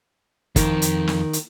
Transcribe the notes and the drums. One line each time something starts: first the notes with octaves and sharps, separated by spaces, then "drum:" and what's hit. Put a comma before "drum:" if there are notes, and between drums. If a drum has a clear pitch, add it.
F2 D#3, drum: kick G1, hi-hat
drum: hi-hat
drum: snare
drum: hi-hat